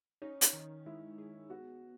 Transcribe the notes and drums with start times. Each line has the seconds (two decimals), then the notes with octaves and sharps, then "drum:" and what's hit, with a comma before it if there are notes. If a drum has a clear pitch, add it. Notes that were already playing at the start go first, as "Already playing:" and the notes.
0.22 C#4 D#4
0.41 drum: hi-hat
0.53 D#3
0.86 G#3 E4
1.18 G#4
1.50 B3 F#4